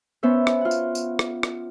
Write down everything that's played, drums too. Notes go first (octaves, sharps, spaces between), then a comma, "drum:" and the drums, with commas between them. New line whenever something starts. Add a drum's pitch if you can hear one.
B3 C#4 C5 E5
drum: rim click
F4 F#5
drum: tambourine
drum: tambourine
drum: rim click
drum: rim click